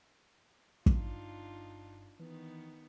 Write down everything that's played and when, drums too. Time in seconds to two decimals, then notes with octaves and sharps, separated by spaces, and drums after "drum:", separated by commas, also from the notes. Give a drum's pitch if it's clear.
0.86 G1 G2 D4 D#4 F4, drum: kick
2.20 D#3 E3 B3